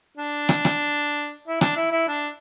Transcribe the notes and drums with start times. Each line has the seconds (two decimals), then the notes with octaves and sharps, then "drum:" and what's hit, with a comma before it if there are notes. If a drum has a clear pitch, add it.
0.17 D4
0.49 drum: rim click
0.65 drum: rim click
1.48 E4
1.61 D4, drum: rim click
1.77 E4
1.92 E4
2.09 D4